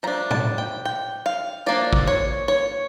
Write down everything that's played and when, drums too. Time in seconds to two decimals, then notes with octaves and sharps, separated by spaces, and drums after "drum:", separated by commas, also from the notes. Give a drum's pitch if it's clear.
0.03 F3 A3 D4 A#5
0.31 A5, drum: tom
0.58 G5
0.85 G5
1.26 F5
1.66 F3 A#3 D4 D5
1.93 drum: kick
2.07 C#5
2.48 C#5